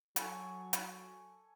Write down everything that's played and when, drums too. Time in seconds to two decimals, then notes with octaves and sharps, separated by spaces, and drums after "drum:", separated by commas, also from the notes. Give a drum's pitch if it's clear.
0.16 F#3 A4 G#5 C#6, drum: hi-hat
0.73 drum: hi-hat